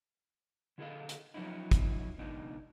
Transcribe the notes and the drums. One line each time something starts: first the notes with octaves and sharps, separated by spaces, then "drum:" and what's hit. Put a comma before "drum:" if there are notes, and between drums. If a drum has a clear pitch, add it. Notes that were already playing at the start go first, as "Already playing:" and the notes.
D3 E4 G#4 A4 D#5 F5
drum: hi-hat
F3 F#3 C#4 D#4 E4
drum: kick, hi-hat
C#2 B2 E3 D4 D#4